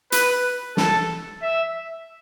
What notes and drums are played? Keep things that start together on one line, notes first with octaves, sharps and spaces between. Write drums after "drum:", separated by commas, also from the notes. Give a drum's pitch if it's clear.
B4, drum: hi-hat
A4, drum: snare
E5